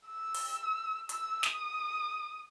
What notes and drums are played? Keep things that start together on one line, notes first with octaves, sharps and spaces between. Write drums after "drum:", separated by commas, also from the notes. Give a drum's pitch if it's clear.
E6
drum: open hi-hat
E6, drum: hi-hat
D#6, drum: snare